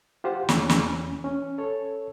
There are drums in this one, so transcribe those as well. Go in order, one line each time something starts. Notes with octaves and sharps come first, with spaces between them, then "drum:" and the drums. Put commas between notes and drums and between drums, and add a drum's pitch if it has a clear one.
F4 G4 C5 F#5
E2 E3 C#4, drum: snare
drum: snare
C#4
A4 C#5